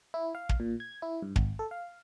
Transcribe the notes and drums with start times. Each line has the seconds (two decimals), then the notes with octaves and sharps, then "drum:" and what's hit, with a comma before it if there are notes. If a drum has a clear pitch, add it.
0.14 E4
0.35 F5
0.49 drum: kick
0.60 A#2
0.80 G#6
1.02 E4
1.22 G2
1.36 G#1, drum: kick
1.59 A4
1.71 F5